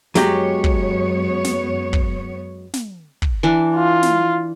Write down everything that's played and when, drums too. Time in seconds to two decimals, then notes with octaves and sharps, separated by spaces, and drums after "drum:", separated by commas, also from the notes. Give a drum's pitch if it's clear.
0.15 F#2 F#3 G#3 B3 G4 C#5, drum: snare
0.64 drum: kick
1.44 drum: snare
1.93 drum: kick
2.74 drum: snare
3.22 drum: kick
3.43 E3 D4
3.76 F4
4.03 drum: snare